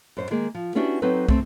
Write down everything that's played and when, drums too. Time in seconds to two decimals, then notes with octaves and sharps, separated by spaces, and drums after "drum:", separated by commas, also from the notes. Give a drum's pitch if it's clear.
0.17 F#2 C5 D#5
0.31 D#3 G#3 A#3 G#4
0.55 F3
0.75 B3 C#4 D4 E4 F#4 G4
1.02 F#3 C4 D#4 A4 B4
1.28 A3 C4, drum: kick